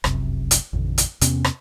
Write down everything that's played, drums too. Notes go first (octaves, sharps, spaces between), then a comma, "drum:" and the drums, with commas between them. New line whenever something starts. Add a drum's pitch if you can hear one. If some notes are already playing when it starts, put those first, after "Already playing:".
F1 C2 F#2 C3, drum: rim click
drum: hi-hat
A1 F2 B2 D3
drum: hi-hat
E2 C3 B3 C#4, drum: hi-hat
drum: rim click